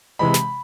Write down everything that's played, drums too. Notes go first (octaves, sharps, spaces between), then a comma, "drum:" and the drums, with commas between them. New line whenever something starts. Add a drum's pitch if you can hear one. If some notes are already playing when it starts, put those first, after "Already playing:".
C3 E3 G#3 B5
drum: snare